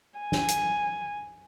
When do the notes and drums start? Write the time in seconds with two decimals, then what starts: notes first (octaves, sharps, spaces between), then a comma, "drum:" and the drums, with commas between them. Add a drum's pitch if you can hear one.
0.19 G#5
0.32 drum: snare
0.48 drum: hi-hat